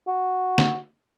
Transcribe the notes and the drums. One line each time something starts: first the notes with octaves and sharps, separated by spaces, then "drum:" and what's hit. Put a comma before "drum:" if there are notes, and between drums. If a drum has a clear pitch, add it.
F#4
drum: snare